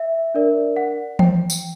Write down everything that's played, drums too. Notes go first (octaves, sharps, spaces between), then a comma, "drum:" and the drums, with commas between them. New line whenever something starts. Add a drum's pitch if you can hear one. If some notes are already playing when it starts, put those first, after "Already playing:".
Already playing: E5
D4 A#4 D5
F#5
G5, drum: tom E3
drum: tambourine